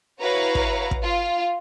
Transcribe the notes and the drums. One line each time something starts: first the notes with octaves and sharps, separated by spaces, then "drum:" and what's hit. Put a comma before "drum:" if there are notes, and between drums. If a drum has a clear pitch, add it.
E4 F#4 B4 C#5 F5 A#5
drum: kick
drum: kick
F4